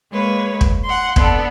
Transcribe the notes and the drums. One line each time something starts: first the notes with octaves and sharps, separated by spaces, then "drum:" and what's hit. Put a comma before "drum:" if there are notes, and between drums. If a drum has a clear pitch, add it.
G#3 A#3 B4 C#5
drum: kick
F#5 C6
B3 D4 A4, drum: kick